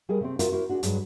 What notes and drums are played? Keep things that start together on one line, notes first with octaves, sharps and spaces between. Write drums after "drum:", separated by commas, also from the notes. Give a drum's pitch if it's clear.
G3 G#4 A#4 D#5
C3 A3 C4
F4 F#4 A#4 C5 E5, drum: hi-hat
E4 F#4 A#4 C5
G#3 D4 F#4
G2 F#3 G#3, drum: hi-hat